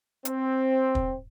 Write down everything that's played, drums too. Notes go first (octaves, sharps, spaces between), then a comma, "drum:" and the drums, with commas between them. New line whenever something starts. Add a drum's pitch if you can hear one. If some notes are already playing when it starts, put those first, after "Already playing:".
C4, drum: hi-hat
drum: kick